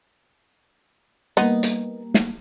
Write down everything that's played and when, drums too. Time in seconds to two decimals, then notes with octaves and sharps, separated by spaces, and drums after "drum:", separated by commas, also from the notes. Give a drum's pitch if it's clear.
1.37 G3 A#3 B3 D#4
1.63 drum: hi-hat
2.14 drum: snare